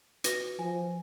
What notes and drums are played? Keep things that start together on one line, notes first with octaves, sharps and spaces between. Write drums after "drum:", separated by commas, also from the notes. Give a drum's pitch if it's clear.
F#4 B4 A#6, drum: hi-hat
F3 G#5